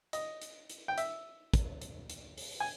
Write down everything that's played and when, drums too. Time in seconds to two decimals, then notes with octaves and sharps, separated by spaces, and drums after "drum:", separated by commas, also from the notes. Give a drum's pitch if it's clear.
0.13 D#5, drum: hi-hat
0.42 drum: hi-hat
0.70 drum: hi-hat
0.88 G5
0.98 E5, drum: hi-hat
1.54 drum: kick, hi-hat
1.82 drum: hi-hat
2.10 drum: hi-hat
2.38 drum: open hi-hat
2.60 G#5